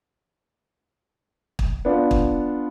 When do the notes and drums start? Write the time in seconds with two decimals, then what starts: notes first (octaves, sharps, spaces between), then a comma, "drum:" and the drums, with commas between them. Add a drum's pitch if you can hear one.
1.59 drum: kick
1.85 B3 D4 F4
2.11 drum: kick